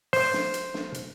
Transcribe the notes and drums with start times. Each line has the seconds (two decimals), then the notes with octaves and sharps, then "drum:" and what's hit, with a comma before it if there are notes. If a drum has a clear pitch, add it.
0.13 C5, drum: open hi-hat
0.33 drum: snare
0.54 drum: hi-hat
0.74 drum: snare
0.94 drum: hi-hat